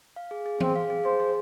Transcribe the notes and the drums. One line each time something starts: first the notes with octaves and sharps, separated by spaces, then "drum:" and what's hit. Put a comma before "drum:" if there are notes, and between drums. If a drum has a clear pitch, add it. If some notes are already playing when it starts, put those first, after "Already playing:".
F5
G#4
G#4
C4 G#4, drum: tom E3
F5
G#4
G#4 C5
G#4